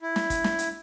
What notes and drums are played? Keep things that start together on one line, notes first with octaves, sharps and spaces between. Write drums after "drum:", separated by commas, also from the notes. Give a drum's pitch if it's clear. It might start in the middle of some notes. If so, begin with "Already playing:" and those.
E4
drum: snare
drum: kick, hi-hat
drum: snare
drum: hi-hat